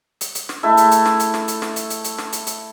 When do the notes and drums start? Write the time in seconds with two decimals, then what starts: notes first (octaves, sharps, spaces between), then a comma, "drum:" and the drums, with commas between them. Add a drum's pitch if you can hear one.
0.21 drum: hi-hat
0.35 drum: hi-hat
0.49 drum: snare
0.63 A3 E4
0.77 drum: hi-hat
0.91 drum: hi-hat
1.05 drum: snare
1.20 drum: hi-hat
1.34 drum: snare
1.48 drum: hi-hat
1.62 drum: snare
1.76 drum: hi-hat
1.90 drum: hi-hat
2.04 drum: hi-hat
2.18 drum: snare
2.32 drum: hi-hat
2.47 drum: hi-hat